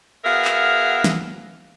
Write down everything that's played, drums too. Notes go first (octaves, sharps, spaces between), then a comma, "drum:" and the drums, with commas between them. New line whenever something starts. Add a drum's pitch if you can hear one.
B3 F#4 G#4 A#4 E5 F5
drum: clap
drum: snare